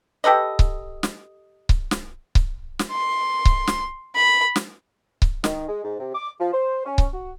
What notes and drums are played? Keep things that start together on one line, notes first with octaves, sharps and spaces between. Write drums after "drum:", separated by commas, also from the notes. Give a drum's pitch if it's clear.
G4 A4 B4 D#5
drum: kick C#1
drum: snare
drum: kick C#1
drum: snare
drum: kick C#1
drum: snare
C6
drum: kick C#1
drum: snare
B5
drum: snare
drum: kick C#1
D#3, drum: snare
G#3
G#2
C3
D6
F3
C5
C#4
drum: kick C#1
F#4